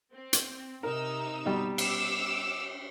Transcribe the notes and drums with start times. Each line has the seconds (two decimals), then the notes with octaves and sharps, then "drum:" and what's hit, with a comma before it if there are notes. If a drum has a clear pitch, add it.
0.13 C4
0.33 drum: hi-hat
0.83 C3 D#4 A#4 E6
1.46 B2 G3
1.78 D6 E6 F6, drum: cymbal